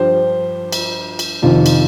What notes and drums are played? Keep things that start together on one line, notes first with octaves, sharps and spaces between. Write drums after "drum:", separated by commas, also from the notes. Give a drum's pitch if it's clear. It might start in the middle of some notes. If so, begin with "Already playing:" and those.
Already playing: G2 F3 G4 C5
drum: cymbal
drum: cymbal
F2 C3 D#3 F4
drum: cymbal